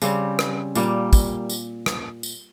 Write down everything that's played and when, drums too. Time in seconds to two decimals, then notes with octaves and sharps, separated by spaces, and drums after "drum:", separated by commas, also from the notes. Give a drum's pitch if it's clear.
0.02 C#3 G3 C4, drum: tambourine
0.39 drum: rim click
0.75 A#2 G3 A#3, drum: tambourine
1.13 drum: kick, tambourine
1.49 drum: tambourine
1.86 drum: rim click
2.23 drum: tambourine